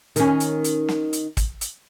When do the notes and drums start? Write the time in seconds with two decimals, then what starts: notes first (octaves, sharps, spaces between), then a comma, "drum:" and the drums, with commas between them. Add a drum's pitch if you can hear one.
0.16 D#3 C#4, drum: hi-hat
0.40 drum: hi-hat
0.64 drum: hi-hat
0.89 drum: snare
1.13 drum: hi-hat
1.37 drum: kick, hi-hat
1.61 drum: hi-hat